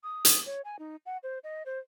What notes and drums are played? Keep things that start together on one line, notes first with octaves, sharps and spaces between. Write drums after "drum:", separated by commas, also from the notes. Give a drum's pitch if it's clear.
D#6
drum: hi-hat
C#5
G#5
D#4
F#5
C5
D#5
C5